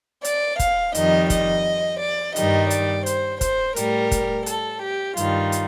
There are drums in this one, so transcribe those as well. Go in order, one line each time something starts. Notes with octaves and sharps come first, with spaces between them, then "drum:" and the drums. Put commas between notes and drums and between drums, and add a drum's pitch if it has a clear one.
D5, drum: hi-hat
F5, drum: kick, hi-hat
F2 D#3 G3 D#5, drum: hi-hat
D#5, drum: kick, hi-hat
D5
G2 D#3 G3 D#5, drum: hi-hat
D5, drum: hi-hat
C5, drum: hi-hat
C5, drum: kick, hi-hat
A2 G3 A#4, drum: hi-hat
drum: kick, hi-hat
A4, drum: hi-hat
G4
G2 D#3 G3 F4, drum: hi-hat
drum: hi-hat